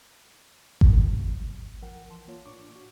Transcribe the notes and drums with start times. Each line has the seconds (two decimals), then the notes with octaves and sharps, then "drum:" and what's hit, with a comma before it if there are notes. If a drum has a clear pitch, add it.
0.81 drum: kick G#1
1.65 E2
1.82 D#2 F3 A#4 F#5 G5
2.09 E3 A5 C6
2.28 A#3 F4 C#5
2.45 A2 D4 C#6 D6
2.76 F#4